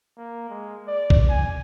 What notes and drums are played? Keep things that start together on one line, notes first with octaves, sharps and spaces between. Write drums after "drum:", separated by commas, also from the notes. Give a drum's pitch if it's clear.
A#3
G#3
D5
drum: kick B1
G#5